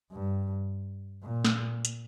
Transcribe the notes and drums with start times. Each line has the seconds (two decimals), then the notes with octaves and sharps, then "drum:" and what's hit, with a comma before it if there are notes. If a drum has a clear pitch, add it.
0.12 G2
1.24 A#2
1.45 drum: snare
1.85 drum: hi-hat